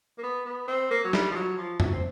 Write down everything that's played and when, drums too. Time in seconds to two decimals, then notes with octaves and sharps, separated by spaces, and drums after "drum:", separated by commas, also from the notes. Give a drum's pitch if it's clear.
0.18 A#3
0.23 B3
0.46 B3
0.68 C4
0.91 A#3
1.04 F#3
1.13 G3, drum: snare
1.31 F3
1.35 F#3
1.58 F3
1.80 F#3, drum: tom F2
1.93 C4